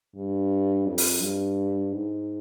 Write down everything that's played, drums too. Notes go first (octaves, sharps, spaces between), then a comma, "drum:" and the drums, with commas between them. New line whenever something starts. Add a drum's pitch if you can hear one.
G2
F2
drum: open hi-hat
G2
G#2